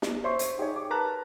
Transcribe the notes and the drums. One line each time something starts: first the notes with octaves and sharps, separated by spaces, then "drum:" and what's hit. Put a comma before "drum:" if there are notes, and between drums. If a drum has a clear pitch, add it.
drum: snare
C5 C#5 E5 C6 C#6
drum: hi-hat
D#4 G4 G#4 C#5
D6
A#4 B4 A5 A#5 F#6